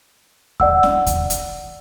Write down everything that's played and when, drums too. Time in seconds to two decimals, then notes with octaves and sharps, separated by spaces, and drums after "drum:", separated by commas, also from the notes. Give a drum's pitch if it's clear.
0.60 D5 F#5 E6, drum: kick D#2
0.83 drum: snare
1.06 drum: kick D#2, hi-hat
1.30 drum: hi-hat